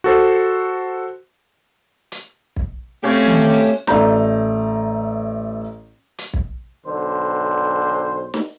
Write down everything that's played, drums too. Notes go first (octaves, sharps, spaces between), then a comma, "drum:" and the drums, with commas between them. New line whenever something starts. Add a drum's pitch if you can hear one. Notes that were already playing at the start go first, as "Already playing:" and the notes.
F#4 A4 C5
drum: hi-hat
drum: kick
C#3 A3 C4 C#4 G4 C#5
drum: tom D#3
drum: open hi-hat
A1 A3 D5 A#5 G6, drum: snare
drum: hi-hat
drum: kick
B1 D3 C5
drum: snare